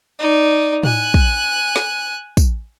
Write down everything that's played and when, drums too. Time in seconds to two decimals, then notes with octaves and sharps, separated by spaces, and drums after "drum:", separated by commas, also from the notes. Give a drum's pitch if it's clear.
0.20 D#4 D5
0.83 G#5 F#6, drum: tom A2
1.14 drum: kick
1.76 drum: snare
2.37 drum: kick, tambourine